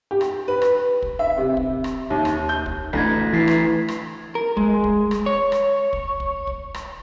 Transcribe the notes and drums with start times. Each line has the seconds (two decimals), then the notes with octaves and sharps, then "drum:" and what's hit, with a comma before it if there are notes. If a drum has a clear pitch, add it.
0.11 G4
0.21 drum: rim click
0.48 B4
0.62 drum: rim click
1.02 drum: kick
1.19 E5
1.38 C3
1.57 drum: kick
1.84 drum: rim click
2.10 D#2
2.25 drum: rim click
2.49 G6
2.66 drum: kick
2.93 A1 D2 G#6 A#6 B6, drum: kick
3.12 B6
3.33 E3 E4 A6 B6 C7
3.48 drum: rim click
3.88 drum: rim click
4.35 A#4
4.57 G#3, drum: kick
4.84 drum: kick
5.11 drum: rim click
5.26 C#5
5.52 drum: rim click
5.93 drum: kick
6.20 drum: kick
6.47 drum: kick
6.74 drum: rim click